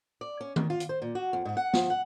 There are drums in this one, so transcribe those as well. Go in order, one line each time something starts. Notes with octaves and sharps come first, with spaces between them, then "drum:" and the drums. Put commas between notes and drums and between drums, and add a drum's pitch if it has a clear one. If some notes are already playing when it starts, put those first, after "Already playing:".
D5
C#4
D#3, drum: tom D#3
F4
drum: hi-hat
C5
A#2
F#4
F2
G#2
F#5
F3, drum: snare B3
F#5